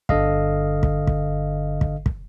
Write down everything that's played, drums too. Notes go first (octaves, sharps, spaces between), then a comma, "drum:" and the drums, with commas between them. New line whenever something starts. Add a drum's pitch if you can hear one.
G1 D3 A4 D#5 F5, drum: kick
drum: kick
drum: kick
drum: kick
drum: kick